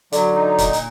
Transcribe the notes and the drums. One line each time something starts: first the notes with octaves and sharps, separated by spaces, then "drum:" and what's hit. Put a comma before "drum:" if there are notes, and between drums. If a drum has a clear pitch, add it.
D3 F#3, drum: hi-hat
D#4
A#2, drum: kick C#1, hi-hat
drum: hi-hat